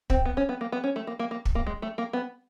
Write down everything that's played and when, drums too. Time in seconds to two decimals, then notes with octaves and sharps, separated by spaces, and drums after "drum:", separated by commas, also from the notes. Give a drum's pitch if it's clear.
0.10 C4, drum: kick
0.25 B3
0.37 C#4
0.49 B3
0.61 A#3
0.72 B3
0.84 C#4
0.96 A3
1.07 A#3
1.19 A#3
1.31 A#3
1.45 drum: kick
1.55 A#3
1.67 G#3
1.82 A3
1.98 A#3
2.13 B3